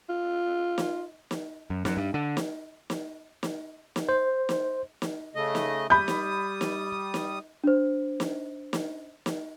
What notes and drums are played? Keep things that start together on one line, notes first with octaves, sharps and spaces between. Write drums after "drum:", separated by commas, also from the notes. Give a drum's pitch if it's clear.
F4
drum: snare
drum: snare
F#2
F#2, drum: snare
G2
D3
drum: snare
drum: snare
drum: snare
drum: snare
C5
drum: snare
drum: snare
C#3 A3 D#5
drum: snare
G3 B5 D#6 G6
drum: snare
drum: snare
drum: snare
D4 C5
drum: snare
drum: snare
drum: snare